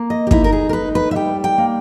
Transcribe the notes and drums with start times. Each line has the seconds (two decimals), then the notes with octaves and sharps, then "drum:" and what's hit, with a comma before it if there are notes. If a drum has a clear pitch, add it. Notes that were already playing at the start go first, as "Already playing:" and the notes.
Already playing: A#3
0.10 D#5
0.27 G4
0.31 D#4 E4, drum: kick
0.44 A#4
0.53 G#4
0.69 A#4
0.73 D#4 B4
0.95 B4
1.11 E5
1.15 G3 G5
1.44 G5
1.58 A#3